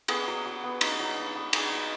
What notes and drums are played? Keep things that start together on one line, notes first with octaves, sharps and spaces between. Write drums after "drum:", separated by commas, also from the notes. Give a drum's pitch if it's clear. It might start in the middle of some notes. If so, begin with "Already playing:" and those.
B3 G#4, drum: cymbal
F#3
F#3
B3
D#4, drum: cymbal
F#3
D#4
B3
D#4 G#4, drum: cymbal
F#3